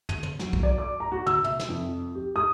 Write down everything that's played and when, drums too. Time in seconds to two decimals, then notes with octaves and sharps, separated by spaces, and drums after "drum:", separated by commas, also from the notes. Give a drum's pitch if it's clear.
0.09 D#7, drum: tom
0.23 drum: tom
0.39 F#3, drum: snare
0.53 drum: kick B1
0.63 D5
0.78 D6
1.00 A#5
1.12 F#4
1.26 E6, drum: tom
1.44 E5, drum: tom
1.59 drum: snare
1.69 F2
2.15 G4
2.36 D#6